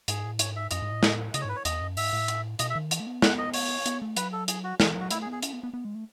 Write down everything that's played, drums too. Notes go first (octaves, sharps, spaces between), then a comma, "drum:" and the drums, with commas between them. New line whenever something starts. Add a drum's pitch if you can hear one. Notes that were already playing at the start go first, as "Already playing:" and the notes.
G#2 G#4, drum: hi-hat
A2
G#2 C#5, drum: hi-hat
E5
F#2 D#5, drum: hi-hat
G#2
A2
drum: snare
C#3 D#5, drum: hi-hat
C#5
G#2 B4
C#5
E2 D#5, drum: hi-hat
F#2
G#2 E5, drum: open hi-hat
A2
drum: hi-hat
B2 D#5, drum: hi-hat
E5
D#3
E3, drum: hi-hat
A3
B3
F#5, drum: snare
D#5
C#5, drum: open hi-hat
B3, drum: hi-hat
A3
F#3 B4, drum: hi-hat
A4
G#4, drum: hi-hat
F#4
E3 G#4, drum: snare
F#3
F#4
A3 E4, drum: hi-hat
G#4
B3
G#4
C#4, drum: hi-hat
B3
B3
B3
G#3
A3